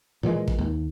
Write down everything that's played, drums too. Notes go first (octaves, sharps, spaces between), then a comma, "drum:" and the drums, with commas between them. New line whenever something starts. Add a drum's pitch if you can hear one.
A#2 E3 F3 G#3
drum: kick
D#2